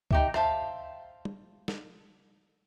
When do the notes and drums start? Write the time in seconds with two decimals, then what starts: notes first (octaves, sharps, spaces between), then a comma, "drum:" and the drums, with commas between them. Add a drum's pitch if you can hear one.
0.11 D#4 G4 E5, drum: kick C#2
0.34 C5 E5 F5 A5, drum: rim click
1.25 drum: tom
1.68 drum: snare